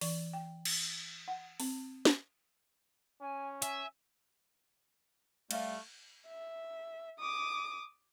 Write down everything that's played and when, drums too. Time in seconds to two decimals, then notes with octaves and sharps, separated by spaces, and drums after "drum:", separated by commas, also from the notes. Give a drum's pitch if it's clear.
0.01 E3, drum: open hi-hat
0.33 G5
0.65 drum: cymbal
1.28 F#5
1.60 C4, drum: open hi-hat
2.05 drum: snare
3.21 C#4 G#5
3.62 E5 G#5, drum: hi-hat
5.51 G3 A3 F5, drum: cymbal
6.28 E5
7.19 D6 D#6